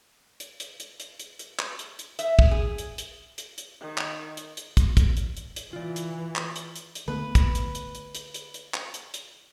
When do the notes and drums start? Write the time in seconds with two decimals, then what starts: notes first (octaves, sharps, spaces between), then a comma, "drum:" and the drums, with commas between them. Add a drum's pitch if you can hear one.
0.40 drum: hi-hat
0.60 drum: hi-hat
0.80 drum: hi-hat
1.00 drum: hi-hat
1.20 drum: hi-hat
1.39 drum: hi-hat
1.59 drum: clap
1.79 drum: hi-hat
1.99 drum: hi-hat
2.19 E5, drum: hi-hat
2.39 drum: kick
2.51 G#4
2.78 drum: hi-hat
2.98 drum: hi-hat
3.38 drum: hi-hat
3.58 drum: hi-hat
3.81 D#3
3.98 drum: clap
4.37 drum: hi-hat
4.57 drum: hi-hat
4.77 drum: kick, hi-hat
4.97 drum: kick, hi-hat
5.17 drum: hi-hat
5.37 drum: hi-hat
5.56 drum: hi-hat
5.73 E3 F4 D5
5.96 drum: hi-hat
6.36 drum: clap
6.56 drum: hi-hat
6.76 drum: hi-hat
6.95 drum: hi-hat
7.08 D3 A3 B3 B4
7.35 drum: kick, hi-hat
7.55 drum: hi-hat
7.75 drum: hi-hat
7.95 drum: hi-hat
8.15 drum: hi-hat
8.34 drum: hi-hat
8.54 drum: hi-hat
8.74 drum: clap
8.94 drum: hi-hat
9.14 drum: hi-hat